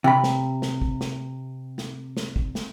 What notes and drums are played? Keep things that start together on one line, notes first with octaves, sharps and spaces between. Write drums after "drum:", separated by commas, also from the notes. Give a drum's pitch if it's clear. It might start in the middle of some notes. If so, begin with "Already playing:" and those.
C3 B5
drum: snare
drum: snare
drum: kick
drum: snare
drum: snare
drum: snare
drum: kick
drum: snare